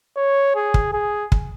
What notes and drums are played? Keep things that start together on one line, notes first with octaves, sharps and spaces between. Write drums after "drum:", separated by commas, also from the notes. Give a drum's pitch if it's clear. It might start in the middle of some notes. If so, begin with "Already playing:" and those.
C#5
G#4
drum: kick
G#4
drum: kick